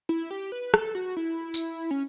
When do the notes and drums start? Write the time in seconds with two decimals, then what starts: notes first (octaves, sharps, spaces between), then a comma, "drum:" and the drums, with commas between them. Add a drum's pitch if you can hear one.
0.09 E4
0.31 G4
0.52 B4
0.74 A4, drum: rim click
0.95 F#4
1.17 E4
1.54 drum: tambourine
1.91 C#4